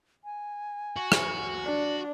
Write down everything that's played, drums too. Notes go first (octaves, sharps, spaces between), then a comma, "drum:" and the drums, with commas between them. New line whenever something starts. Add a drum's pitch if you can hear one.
G#5
F#4
drum: rim click
D4